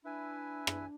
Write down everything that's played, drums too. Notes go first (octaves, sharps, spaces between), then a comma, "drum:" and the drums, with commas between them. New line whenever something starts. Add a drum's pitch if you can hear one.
D4 E4 B4 E5 G#5
drum: rim click